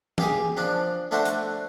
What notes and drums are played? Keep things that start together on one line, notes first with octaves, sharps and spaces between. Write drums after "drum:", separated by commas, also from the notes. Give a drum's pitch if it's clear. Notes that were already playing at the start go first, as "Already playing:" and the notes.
A#3 G4 G#4, drum: tom
F3 D4
A3 D4 F#4 C5
drum: hi-hat